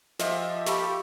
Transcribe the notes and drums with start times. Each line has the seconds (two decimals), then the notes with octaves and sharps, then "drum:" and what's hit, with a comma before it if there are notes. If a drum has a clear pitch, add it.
0.19 F3 F4 G4 D#5 E5, drum: snare
0.66 G4 A4 F5 B5 C#6, drum: snare